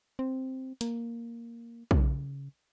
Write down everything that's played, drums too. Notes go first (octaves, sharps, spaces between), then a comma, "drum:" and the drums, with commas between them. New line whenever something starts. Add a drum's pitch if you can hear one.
C4
A#3, drum: hi-hat
C#3, drum: kick